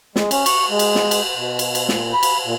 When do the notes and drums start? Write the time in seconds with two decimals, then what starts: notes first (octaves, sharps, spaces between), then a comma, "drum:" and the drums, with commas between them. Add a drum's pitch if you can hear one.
0.16 G#3, drum: snare
0.31 C#4, drum: cymbal
0.46 C#6, drum: cymbal
0.70 G#3
0.79 drum: cymbal
0.95 drum: snare
1.11 drum: cymbal
1.35 B2
1.59 drum: cymbal
1.75 drum: cymbal
1.89 A#2, drum: snare
2.13 B5
2.23 drum: cymbal
2.45 A#2